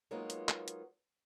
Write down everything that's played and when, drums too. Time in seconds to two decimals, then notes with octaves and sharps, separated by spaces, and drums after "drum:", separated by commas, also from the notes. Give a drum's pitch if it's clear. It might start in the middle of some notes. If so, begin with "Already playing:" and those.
0.11 F#3 G#3 A#3 B3 D#4 F4
0.30 drum: hi-hat
0.49 drum: clap
0.68 drum: hi-hat